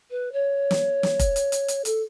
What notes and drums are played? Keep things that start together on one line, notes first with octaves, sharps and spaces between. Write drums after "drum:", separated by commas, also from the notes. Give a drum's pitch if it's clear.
B4
C#5
drum: snare
drum: snare
drum: kick F1, hi-hat
drum: hi-hat
drum: hi-hat
drum: hi-hat
A4, drum: hi-hat